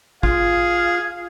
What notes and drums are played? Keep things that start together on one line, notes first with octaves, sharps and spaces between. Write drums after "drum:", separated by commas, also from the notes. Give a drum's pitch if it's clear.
F4 G#4 F5, drum: kick